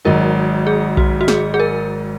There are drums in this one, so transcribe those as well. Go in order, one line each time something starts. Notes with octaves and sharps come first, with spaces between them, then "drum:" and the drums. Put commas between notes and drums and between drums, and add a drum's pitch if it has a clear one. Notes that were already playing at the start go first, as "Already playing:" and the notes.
G#1 G#2 F#3 D#4 A#4
G#4
F#4, drum: kick B1
F#4
G#4, drum: snare
G#4
A#4